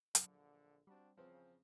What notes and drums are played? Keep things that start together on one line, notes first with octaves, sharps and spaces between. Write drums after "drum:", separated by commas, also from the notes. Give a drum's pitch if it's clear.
A#1 D3 F#3, drum: hi-hat
G3 C4 D4 F#4
E2 C#3 F3 C4